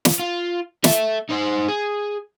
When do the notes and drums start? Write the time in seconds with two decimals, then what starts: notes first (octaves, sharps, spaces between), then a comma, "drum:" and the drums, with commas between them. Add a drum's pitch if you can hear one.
0.05 drum: snare
0.19 F4
0.84 A4 E5, drum: snare
1.29 D#4 C5
1.68 G#4